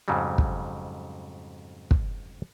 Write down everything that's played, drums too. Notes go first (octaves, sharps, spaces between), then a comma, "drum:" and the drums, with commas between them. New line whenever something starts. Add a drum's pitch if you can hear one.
F2 G#2 C#3 F#3 G3
drum: kick
drum: kick